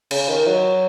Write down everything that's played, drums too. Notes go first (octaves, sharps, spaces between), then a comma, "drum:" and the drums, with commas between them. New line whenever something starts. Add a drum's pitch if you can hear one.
C#3, drum: cymbal
D#3
F#3